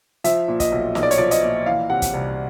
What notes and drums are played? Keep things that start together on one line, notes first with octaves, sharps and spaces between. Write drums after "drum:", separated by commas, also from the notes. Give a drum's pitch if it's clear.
F3 E5, drum: hi-hat
A#2
D#5, drum: kick, hi-hat
B1
B1 D#5, drum: snare
D5
C#5, drum: hi-hat
F3 D5
D#5, drum: hi-hat
A#2
E3 F5
C3 F#5
drum: kick, hi-hat
C2